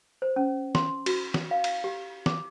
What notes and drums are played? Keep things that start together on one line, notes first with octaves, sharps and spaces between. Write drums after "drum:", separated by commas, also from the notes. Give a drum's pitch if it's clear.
C5
C#4
C6, drum: snare
F#4, drum: cymbal
drum: snare
F5
drum: cymbal
G4
D6, drum: snare